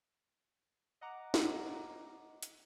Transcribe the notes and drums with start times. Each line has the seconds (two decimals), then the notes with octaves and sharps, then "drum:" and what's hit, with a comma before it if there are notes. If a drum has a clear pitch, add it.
1.01 D#5 F#5 A#5 D6
1.34 drum: snare
2.43 drum: hi-hat